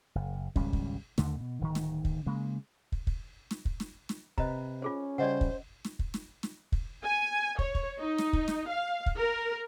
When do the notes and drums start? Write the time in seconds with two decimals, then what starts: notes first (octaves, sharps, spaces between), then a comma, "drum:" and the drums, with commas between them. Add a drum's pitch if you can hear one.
0.15 F#1
0.56 G#1 C#2 G3 C#4, drum: kick
0.73 drum: kick
1.18 D#2 D3 A3, drum: snare
1.40 B2
1.61 D1 D#3
1.75 drum: snare
2.05 drum: kick
2.26 C#3 G#3 A#3
2.92 drum: kick
3.07 drum: kick
3.51 drum: snare
3.65 drum: kick
3.80 drum: snare
4.09 drum: snare
4.38 C3 B4 D#5 A#5, drum: kick
4.82 C#4 F4 G#4 C5
5.18 C#3 G3 C5 D5 D#5 F#5
5.41 drum: kick
5.85 drum: snare
5.99 drum: kick
6.14 drum: snare
6.43 drum: snare
6.72 drum: kick
7.03 G#5
7.59 C#5, drum: kick
7.75 drum: kick
8.00 D#4
8.19 drum: snare
8.33 drum: kick
8.48 drum: snare
8.69 F5
9.06 drum: kick
9.16 A#4